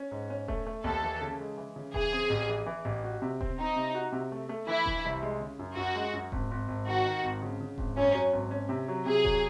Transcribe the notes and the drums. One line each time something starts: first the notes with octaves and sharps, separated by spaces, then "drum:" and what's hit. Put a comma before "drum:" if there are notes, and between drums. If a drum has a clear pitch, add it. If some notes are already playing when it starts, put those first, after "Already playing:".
Already playing: C#4
G#2
C#4
A3, drum: kick D#1
A3
D#2 A4
E3
C#3
G#3
E3
C#3
E3 G#4, drum: kick D#1
C4
A1
E3
E3
A1
F#4
C3
C4, drum: kick D#1
C4 D#4
C3
F#4
C3
A3
A3
E3 E4
E3, drum: kick D#1
C2
G#3
C#3
F#2
F#2 F#4
G#3
F#2
G#1, drum: kick D#1
G#1
G#1
D#3 F#4
D#3
G#1
C#3
C#3
G#1, drum: kick D#1
F#2 C#4
F#3
G#1
C#4
C3
F#3
C3 G#4
F#3, drum: kick D#1